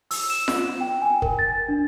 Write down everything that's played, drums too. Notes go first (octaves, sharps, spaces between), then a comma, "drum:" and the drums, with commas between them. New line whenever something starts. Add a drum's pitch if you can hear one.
E6, drum: open hi-hat
E7
drum: snare F4
G5
G#5
A#4, drum: kick
A6
D4